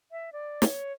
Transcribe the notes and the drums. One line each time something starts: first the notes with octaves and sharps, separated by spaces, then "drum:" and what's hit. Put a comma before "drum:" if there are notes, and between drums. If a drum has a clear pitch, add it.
E5
D5
C#5, drum: snare